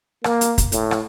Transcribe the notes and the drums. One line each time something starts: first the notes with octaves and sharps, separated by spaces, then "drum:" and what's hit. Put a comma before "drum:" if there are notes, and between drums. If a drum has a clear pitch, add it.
A#3, drum: rim click
drum: hi-hat
drum: kick, hi-hat
A2, drum: hi-hat
drum: rim click